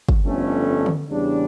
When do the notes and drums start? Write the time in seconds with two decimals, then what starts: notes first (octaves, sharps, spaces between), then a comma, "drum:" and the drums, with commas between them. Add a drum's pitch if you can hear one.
0.09 drum: kick
0.25 G1 F2 D3 A3 C#4
0.86 drum: tom D3
1.09 E2 C#3 G3 D4